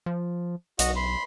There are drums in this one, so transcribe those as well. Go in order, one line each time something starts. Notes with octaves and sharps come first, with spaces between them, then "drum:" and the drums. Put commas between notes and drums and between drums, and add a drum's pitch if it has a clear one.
F3
B1 F#4 D#5 F#5, drum: hi-hat
B5 C6